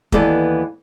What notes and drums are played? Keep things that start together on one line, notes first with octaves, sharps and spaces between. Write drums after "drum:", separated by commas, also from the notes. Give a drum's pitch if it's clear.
D#2 E3 B3 A4 D5, drum: kick